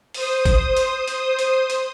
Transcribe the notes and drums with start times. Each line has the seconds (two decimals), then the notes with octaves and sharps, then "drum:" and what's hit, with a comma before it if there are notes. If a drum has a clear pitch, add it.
0.14 C5 D#6, drum: open hi-hat
0.45 drum: kick, hi-hat
0.77 drum: hi-hat
1.08 drum: hi-hat
1.39 drum: hi-hat
1.70 drum: hi-hat